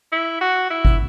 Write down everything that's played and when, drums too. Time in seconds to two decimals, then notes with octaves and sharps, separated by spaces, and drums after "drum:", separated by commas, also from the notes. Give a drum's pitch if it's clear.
0.12 E4
0.41 F#4
0.71 E4
0.85 drum: kick G#1